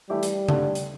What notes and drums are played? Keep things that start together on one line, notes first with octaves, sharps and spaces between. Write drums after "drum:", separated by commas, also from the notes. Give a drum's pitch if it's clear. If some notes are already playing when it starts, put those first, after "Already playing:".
E3 G3 A3 E4 G4
drum: hi-hat
G2 D3 A3, drum: tom C#3
drum: hi-hat